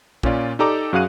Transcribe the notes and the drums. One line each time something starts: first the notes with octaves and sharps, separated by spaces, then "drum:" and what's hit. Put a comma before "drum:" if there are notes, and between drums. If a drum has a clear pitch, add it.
A#2 C#4 F4 D5, drum: kick A#1
D#4 G4 A4 D5 A#5 D6
F#2 F#4 G#4 F5 F#6 D#7